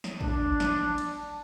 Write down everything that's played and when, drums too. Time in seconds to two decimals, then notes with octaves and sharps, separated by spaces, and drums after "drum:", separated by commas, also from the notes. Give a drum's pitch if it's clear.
0.04 drum: snare
0.21 D4, drum: kick
0.60 drum: snare
0.98 drum: cymbal